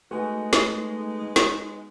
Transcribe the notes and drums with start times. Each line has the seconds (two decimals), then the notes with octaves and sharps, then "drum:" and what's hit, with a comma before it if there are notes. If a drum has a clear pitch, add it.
0.11 G#3 A3 B3 D#4 F#4 B4 G#5
0.53 drum: snare
1.36 drum: snare